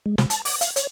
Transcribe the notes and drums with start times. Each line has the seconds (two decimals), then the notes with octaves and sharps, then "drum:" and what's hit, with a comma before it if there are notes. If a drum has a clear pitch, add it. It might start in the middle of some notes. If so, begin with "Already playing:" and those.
0.06 G#3
0.18 C3, drum: snare
0.30 A5, drum: hi-hat
0.45 D6, drum: open hi-hat
0.61 F5, drum: hi-hat
0.76 C#5, drum: hi-hat